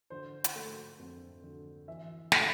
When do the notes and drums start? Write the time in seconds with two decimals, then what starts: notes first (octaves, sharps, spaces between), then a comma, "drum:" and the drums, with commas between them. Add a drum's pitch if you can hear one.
0.10 D3 C5
0.44 drum: hi-hat
0.55 A3
0.99 F2
1.43 D3
1.88 E3 E5
2.32 A3, drum: snare